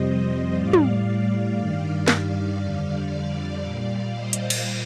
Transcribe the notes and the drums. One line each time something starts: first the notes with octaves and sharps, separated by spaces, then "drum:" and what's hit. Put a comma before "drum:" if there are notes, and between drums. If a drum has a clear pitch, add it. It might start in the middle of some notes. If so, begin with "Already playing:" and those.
Already playing: F2 C3 G3 C5 D#5
A2 G3 D5 F5
drum: tom
G2 D#3 G3 D5 F5
drum: snare
F2 D3 G3 D5 F5
D5 F5
A#2 G3 D5 F5
C5 D#5
drum: hi-hat
drum: cymbal